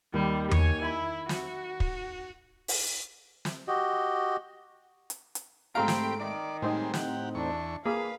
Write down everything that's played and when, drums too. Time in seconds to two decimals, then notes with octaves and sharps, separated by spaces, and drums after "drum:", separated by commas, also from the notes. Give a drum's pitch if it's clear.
0.14 D#2 G3
0.51 C#5 G#5, drum: tom E2
0.82 E4 E5 B5
1.29 F#4, drum: snare
1.80 drum: kick
2.68 drum: open hi-hat
3.45 drum: snare
3.68 F#4 G4 D#5
5.10 drum: hi-hat
5.35 drum: hi-hat
5.75 G#2 A3 C4 G4 F5 A#5 B5 D7
5.88 drum: snare
6.20 D#3 D5
6.62 A2 G3 G#3 C4 D#4 C5
6.94 G4 F#5, drum: snare
7.35 E2 D4 C#6
7.86 A#3 G#4 B4 F5